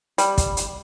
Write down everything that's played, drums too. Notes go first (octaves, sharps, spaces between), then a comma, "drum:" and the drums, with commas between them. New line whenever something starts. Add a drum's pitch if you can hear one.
G3, drum: hi-hat
drum: kick, hi-hat
drum: hi-hat